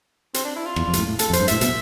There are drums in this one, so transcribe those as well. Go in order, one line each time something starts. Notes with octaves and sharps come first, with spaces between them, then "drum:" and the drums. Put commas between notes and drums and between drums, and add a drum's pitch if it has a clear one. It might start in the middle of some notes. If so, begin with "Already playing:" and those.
C4, drum: hi-hat
D4
E4
F4
E2, drum: rim click
F2
B2, drum: hi-hat
A2
A2
A4, drum: hi-hat
F2
C5, drum: hi-hat
G2
A2 E5, drum: hi-hat
B2, drum: hi-hat